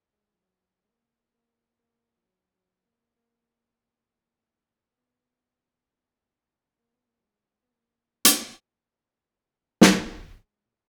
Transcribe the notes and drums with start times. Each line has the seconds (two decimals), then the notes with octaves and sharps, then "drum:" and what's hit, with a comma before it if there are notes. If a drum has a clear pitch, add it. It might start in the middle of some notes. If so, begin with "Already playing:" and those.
0.13 G#3
0.34 F3
0.43 F#3
0.85 G#3
0.89 A#3
1.34 A#3
1.80 A#3
2.17 F3
2.25 F#3
2.55 F#3
2.86 A#3
3.16 A#3
4.98 B3
6.79 A#3
6.93 B3
7.07 A#3
7.20 F#3
7.24 G#3
7.63 B3
7.70 A#3
8.25 drum: hi-hat
9.81 drum: snare
10.43 G#3
10.66 A#2